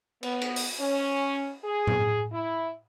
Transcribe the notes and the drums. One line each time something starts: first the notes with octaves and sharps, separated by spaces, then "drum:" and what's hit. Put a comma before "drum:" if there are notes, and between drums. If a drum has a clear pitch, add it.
B3, drum: cymbal
drum: cymbal
drum: open hi-hat
C#4
G#4
drum: tom A2
E4